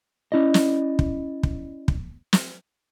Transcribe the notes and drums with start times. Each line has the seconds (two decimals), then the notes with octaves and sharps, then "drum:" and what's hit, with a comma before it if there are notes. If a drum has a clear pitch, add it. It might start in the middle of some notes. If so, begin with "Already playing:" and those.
0.32 C#4 E4 D5 D#5
0.54 drum: snare
0.99 drum: kick
1.43 drum: kick
1.88 drum: kick
2.33 drum: snare